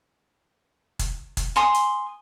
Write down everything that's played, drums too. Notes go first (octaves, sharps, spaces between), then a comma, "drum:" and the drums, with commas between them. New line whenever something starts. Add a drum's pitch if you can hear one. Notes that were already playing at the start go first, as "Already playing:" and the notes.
drum: kick, hi-hat
drum: kick, hi-hat
G#5 C6 D#6
drum: hi-hat